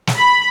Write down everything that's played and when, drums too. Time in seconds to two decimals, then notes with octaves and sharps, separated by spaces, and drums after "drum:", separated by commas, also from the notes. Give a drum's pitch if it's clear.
0.07 drum: snare
0.16 B5